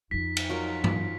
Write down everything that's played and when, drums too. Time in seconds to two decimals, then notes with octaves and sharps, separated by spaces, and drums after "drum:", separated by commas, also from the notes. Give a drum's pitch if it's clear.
0.11 F2 F3 D#4 B6
0.37 drum: cymbal
0.49 F#3 F4 A#4
0.84 drum: tom G2